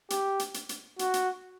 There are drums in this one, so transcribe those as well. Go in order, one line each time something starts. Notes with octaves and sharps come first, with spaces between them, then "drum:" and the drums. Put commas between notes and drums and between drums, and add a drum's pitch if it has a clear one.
G4, drum: hi-hat
drum: hi-hat
drum: hi-hat
drum: hi-hat
F#4, drum: hi-hat
drum: hi-hat